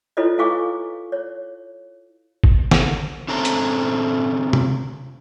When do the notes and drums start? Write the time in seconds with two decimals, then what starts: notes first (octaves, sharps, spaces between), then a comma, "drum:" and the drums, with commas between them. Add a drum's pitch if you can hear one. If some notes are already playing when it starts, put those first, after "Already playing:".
0.17 E4 F4 A4 B4 C#5 D#5
0.38 E4 A4 F5 G#5 C#6 D6
1.12 C#5
2.44 drum: kick G1
2.71 drum: snare
3.28 D3 C4 C#4 A4 C5 A#5
3.45 drum: hi-hat
4.53 drum: tom C3